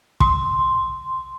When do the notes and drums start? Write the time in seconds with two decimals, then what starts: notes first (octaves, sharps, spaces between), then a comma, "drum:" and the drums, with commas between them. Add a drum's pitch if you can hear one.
0.20 C6, drum: kick